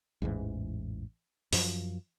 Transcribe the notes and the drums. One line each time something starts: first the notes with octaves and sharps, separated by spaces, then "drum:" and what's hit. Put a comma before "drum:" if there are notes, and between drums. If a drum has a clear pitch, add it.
A1 E2 G#2 E3
F#2 F3, drum: open hi-hat